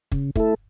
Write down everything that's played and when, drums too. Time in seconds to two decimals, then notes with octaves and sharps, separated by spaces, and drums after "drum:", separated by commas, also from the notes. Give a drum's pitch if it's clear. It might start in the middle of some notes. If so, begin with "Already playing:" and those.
0.12 C#3, drum: kick
0.35 A3 E4 A4, drum: kick